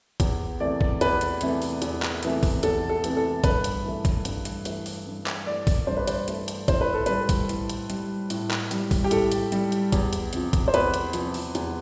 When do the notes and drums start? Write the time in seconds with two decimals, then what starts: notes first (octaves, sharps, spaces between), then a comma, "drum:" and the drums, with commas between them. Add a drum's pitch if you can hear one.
0.20 E2, drum: kick A1, hi-hat
0.60 C3 E3 A3 D5
0.81 drum: kick A1
1.01 E2 B4, drum: hi-hat
1.21 drum: hi-hat
1.41 C3 E3 A3, drum: hi-hat
1.62 drum: open hi-hat
1.82 E2, drum: hi-hat
2.02 drum: clap
2.23 C3 E3 A3, drum: hi-hat
2.43 drum: kick A1, open hi-hat
2.63 E2 A4, drum: hi-hat
2.89 A4
3.04 C3 E3 A3, drum: hi-hat
3.17 A4
3.44 G2 B4, drum: kick A1, hi-hat
3.64 drum: hi-hat
3.85 E3 A3
4.05 drum: kick A1, hi-hat
4.25 G2, drum: hi-hat
4.45 drum: hi-hat
4.65 E3 A3, drum: hi-hat
4.86 drum: open hi-hat
5.06 G2
5.26 drum: clap
5.46 E3 A3 D5
5.67 drum: kick A1, open hi-hat
5.87 G2 C5
5.97 B4
6.08 C5, drum: hi-hat
6.28 E3 A3, drum: hi-hat
6.48 drum: hi-hat
6.68 A2 C5, drum: kick A1, hi-hat
6.81 B4
6.94 A4
7.06 G3 B4, drum: hi-hat
7.29 drum: kick A1, hi-hat
7.49 A2, drum: hi-hat
7.69 drum: hi-hat
7.90 G3, drum: hi-hat
8.30 A2, drum: hi-hat
8.51 drum: clap
8.71 G3, drum: hi-hat
8.91 drum: kick A1, open hi-hat
9.04 G4
9.11 A2 A4, drum: hi-hat
9.32 drum: hi-hat
9.52 G3, drum: hi-hat
9.72 drum: hi-hat
9.92 E2, drum: kick A1, hi-hat
10.13 drum: hi-hat
10.33 C3 F3, drum: hi-hat
10.53 drum: kick A1, hi-hat
10.68 C5
10.74 E2 B4, drum: hi-hat
10.94 drum: hi-hat
11.13 C3 F3, drum: hi-hat
11.34 drum: open hi-hat
11.55 E2, drum: hi-hat